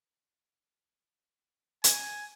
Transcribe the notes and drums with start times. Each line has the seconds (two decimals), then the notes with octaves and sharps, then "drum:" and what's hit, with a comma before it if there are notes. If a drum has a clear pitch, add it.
1.84 G#5, drum: hi-hat